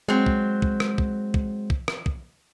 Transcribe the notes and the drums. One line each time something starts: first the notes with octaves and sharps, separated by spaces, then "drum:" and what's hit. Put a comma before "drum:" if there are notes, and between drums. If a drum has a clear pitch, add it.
F#3 G#3 C4
drum: kick
drum: kick
drum: rim click
drum: kick
drum: kick
drum: kick
drum: rim click
drum: kick